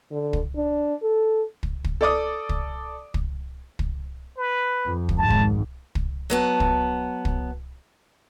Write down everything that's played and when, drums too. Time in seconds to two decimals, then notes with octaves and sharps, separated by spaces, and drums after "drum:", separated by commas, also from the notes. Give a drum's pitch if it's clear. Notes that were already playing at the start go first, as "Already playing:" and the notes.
0.11 D3
0.33 drum: kick
0.56 D4
1.02 A4
1.63 drum: kick
1.84 drum: kick
2.01 A4 D5 D6 D#6
2.49 drum: kick
3.14 drum: kick
3.79 drum: kick
4.38 B4
4.86 F2
5.09 drum: kick
5.18 G#1 G#2 A5
5.30 drum: kick
5.95 drum: kick
6.30 F#3 B3 A5
6.60 drum: kick
7.25 drum: kick